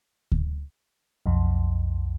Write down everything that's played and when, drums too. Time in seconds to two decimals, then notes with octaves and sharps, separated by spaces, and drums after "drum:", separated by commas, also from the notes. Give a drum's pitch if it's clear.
0.32 drum: kick D2
1.26 B1 F2